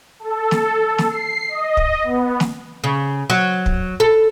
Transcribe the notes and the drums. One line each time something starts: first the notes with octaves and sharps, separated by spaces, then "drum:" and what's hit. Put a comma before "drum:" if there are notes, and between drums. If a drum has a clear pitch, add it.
A4
drum: snare
drum: snare
C7
D#5
drum: kick
B3
drum: snare
C#3
F#3
drum: kick
A4